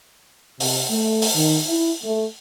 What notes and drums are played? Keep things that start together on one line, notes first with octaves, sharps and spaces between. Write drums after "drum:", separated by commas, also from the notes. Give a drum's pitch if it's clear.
C3, drum: open hi-hat
A3
drum: open hi-hat
D#3
E4
A3